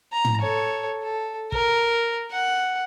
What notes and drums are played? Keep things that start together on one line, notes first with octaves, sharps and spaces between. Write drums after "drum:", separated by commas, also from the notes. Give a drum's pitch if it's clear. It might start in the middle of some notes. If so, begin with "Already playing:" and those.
A#5
drum: tom
A4 C#5
A4
A#4, drum: kick
F#5